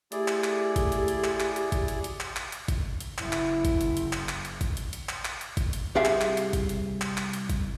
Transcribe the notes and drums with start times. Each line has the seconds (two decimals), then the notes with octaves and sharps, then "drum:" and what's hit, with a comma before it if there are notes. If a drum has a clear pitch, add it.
0.12 A3 E4 G4 G#4 D5, drum: hi-hat
0.28 drum: clap
0.44 drum: clap
0.76 drum: kick, hi-hat
0.92 drum: hi-hat
1.08 drum: hi-hat
1.24 drum: clap
1.40 drum: clap
1.56 drum: hi-hat
1.72 drum: kick, hi-hat
1.88 drum: hi-hat
2.04 drum: hi-hat
2.20 drum: clap
2.36 drum: clap
2.52 drum: hi-hat
2.68 drum: kick, hi-hat
3.00 drum: hi-hat
3.18 F#1 E4, drum: clap
3.33 drum: clap
3.65 drum: kick, hi-hat
3.81 drum: hi-hat
3.97 drum: hi-hat
4.13 drum: clap
4.29 drum: clap
4.45 drum: hi-hat
4.61 drum: kick, hi-hat
4.77 drum: hi-hat
4.93 drum: hi-hat
5.09 drum: clap
5.25 drum: clap
5.41 drum: hi-hat
5.57 drum: kick, hi-hat
5.73 drum: hi-hat
5.95 C2 G4 G#4 E5 F5
6.05 drum: clap
6.21 drum: clap
6.37 drum: hi-hat
6.53 drum: kick, hi-hat
6.69 drum: hi-hat
7.01 drum: clap
7.17 drum: clap
7.33 drum: hi-hat
7.49 drum: kick, hi-hat